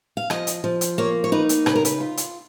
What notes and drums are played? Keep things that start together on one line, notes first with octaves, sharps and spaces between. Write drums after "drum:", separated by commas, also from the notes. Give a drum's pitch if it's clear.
F5
F3 D#5, drum: rim click
drum: hi-hat
F3
drum: hi-hat
A#3 C#5
C#5
D#4 B4
drum: hi-hat
C#3 B4, drum: rim click
A#4
B4, drum: hi-hat
F4
drum: hi-hat